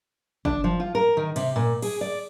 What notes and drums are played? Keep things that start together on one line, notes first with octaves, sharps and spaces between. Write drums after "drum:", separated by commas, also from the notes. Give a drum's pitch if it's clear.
D4, drum: kick
F3
F4
A#4
D#3
C3, drum: cymbal
A#2
G#4, drum: cymbal
D5